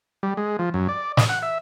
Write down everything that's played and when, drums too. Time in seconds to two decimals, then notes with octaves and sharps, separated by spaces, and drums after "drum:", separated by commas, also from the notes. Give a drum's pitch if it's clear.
0.23 G3
0.37 G#3
0.59 F3
0.74 F#2
0.89 D5
1.17 D#5, drum: snare
1.29 F#5
1.42 E5